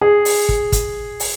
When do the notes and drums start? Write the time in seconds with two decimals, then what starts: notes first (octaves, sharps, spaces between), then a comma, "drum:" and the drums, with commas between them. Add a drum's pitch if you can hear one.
0.01 G#4
0.25 drum: open hi-hat
0.49 drum: kick
0.72 drum: kick, hi-hat
1.20 drum: open hi-hat